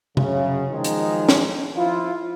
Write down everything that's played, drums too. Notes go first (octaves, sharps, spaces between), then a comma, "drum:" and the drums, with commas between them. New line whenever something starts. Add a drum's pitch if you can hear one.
F#2 C#3, drum: tom C3
D#3 F3 F#3 G#3 D#4
drum: hi-hat
drum: snare
F3 E4 F4